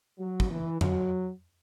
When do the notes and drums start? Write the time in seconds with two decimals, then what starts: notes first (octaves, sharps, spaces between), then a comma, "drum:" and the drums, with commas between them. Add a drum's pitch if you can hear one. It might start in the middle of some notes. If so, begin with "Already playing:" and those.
0.19 F#3
0.40 drum: kick
0.50 E3
0.81 F#3, drum: tom F2